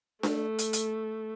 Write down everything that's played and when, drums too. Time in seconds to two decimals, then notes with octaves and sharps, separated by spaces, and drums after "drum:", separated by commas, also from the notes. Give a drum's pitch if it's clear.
0.23 A3, drum: snare D4
0.58 drum: hi-hat
0.73 drum: hi-hat